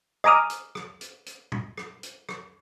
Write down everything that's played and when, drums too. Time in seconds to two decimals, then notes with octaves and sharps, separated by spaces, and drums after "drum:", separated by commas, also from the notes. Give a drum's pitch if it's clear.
0.24 D#5 G#5 A#5 D6 D#6 F6, drum: rim click
0.50 drum: hi-hat
0.75 drum: rim click
1.01 drum: hi-hat
1.26 drum: hi-hat
1.52 drum: tom
1.77 drum: rim click
2.03 drum: hi-hat
2.29 drum: rim click